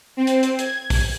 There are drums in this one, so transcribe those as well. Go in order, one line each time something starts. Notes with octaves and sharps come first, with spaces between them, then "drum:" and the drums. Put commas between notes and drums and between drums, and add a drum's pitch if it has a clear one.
C4
drum: hi-hat
drum: hi-hat
G#6, drum: hi-hat
drum: kick, open hi-hat